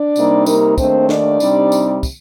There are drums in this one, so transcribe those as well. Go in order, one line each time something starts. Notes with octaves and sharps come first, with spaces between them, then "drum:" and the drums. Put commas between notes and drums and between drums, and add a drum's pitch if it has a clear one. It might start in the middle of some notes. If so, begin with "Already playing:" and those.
Already playing: D4 D5
C3 G3 A#3 D#4, drum: tambourine
A#3 A#4, drum: tambourine
D#2 D#3 A3 C4 D4 C5, drum: kick, tambourine
D4 D5, drum: snare
C3 G3 C4 D#4, drum: tambourine
drum: tambourine
drum: kick, tambourine